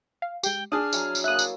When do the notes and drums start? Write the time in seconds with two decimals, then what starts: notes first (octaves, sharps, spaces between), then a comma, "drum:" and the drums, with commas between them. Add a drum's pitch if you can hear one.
0.22 F5
0.43 G#3 G4 G5, drum: tambourine
0.72 D4 G#4 D#6 F6
0.93 F#3 E4 G#5, drum: tambourine
1.15 drum: tambourine
1.24 A#3 E4 E5 D#6 F#6
1.39 drum: tambourine